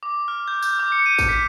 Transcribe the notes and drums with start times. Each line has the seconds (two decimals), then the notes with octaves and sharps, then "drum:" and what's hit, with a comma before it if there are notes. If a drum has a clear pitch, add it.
0.03 D6
0.28 F6
0.48 G6
0.63 G6, drum: tambourine
0.79 D6
0.92 C#7
1.06 D#7
1.19 drum: kick, tambourine
1.29 B6